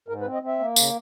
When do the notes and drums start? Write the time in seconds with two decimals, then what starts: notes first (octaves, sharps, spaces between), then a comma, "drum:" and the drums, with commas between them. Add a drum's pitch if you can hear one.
0.08 G#2 A#4
0.21 B4
0.26 C4
0.33 D#5
0.43 C4 E5
0.59 A#3
0.76 C#3, drum: tambourine